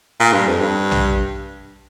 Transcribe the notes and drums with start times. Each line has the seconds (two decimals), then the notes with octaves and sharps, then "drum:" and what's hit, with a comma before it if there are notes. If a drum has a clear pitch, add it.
0.20 A#2
0.33 G2
0.47 F2
0.59 G2
0.92 drum: tom A#1